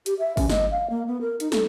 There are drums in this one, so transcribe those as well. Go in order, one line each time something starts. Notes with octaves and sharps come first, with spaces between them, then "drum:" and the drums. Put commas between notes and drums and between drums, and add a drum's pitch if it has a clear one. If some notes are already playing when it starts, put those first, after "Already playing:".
G4, drum: hi-hat
E5
C#4, drum: kick, open hi-hat
D#5, drum: snare
F5
A#3
B3
A#4
D#4, drum: hi-hat
A4, drum: snare